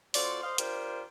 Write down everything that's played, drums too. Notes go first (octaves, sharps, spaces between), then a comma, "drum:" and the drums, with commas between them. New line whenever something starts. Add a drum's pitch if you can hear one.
C4 F4 F#4 A4 D5, drum: open hi-hat
C5 D#5 F5
D4 F4 G4 A#4 C5, drum: hi-hat